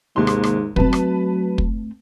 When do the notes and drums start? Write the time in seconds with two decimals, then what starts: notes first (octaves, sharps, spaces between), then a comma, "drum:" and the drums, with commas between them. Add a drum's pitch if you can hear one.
0.16 D#2 G#2 C3 C6
0.27 drum: rim click
0.43 drum: rim click
0.76 F#3 A3 C4 B4 A5, drum: kick
0.93 drum: rim click
1.58 drum: kick